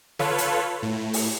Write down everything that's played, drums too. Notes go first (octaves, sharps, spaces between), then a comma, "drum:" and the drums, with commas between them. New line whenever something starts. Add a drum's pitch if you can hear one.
F4 A4 B4 C#5, drum: snare
drum: hi-hat
A2
drum: open hi-hat